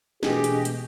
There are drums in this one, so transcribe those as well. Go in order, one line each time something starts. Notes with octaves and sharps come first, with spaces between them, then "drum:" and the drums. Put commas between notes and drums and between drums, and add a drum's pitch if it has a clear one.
E1 B2 A3 G4 G#4 D#5, drum: snare
drum: hi-hat
drum: hi-hat